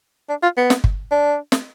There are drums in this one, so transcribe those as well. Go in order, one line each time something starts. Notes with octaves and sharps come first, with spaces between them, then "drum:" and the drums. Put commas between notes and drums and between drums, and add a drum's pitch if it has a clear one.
D4
F4
B3
drum: snare
drum: kick
D4
drum: snare